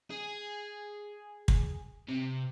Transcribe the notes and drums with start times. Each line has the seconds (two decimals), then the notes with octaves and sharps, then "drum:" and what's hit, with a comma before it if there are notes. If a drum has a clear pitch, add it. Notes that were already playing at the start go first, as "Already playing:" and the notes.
0.11 G#4
1.48 drum: kick
2.08 C3